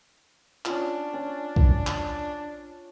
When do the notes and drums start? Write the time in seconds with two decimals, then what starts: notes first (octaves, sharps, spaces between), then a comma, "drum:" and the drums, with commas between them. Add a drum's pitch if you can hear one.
0.65 C#4 D4 F4, drum: clap
1.13 C#4
1.56 drum: kick
1.87 drum: clap